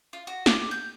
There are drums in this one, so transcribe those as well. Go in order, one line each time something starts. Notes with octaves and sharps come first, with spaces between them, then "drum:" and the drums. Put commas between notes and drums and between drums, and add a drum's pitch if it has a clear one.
F4
F#4
D5, drum: snare
G6